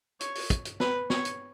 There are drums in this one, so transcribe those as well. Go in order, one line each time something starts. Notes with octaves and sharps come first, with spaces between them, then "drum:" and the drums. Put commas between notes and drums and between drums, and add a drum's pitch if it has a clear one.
C#5, drum: hi-hat
drum: open hi-hat
drum: kick, hi-hat
drum: hi-hat
B4, drum: snare B3
C#5, drum: snare B3
drum: hi-hat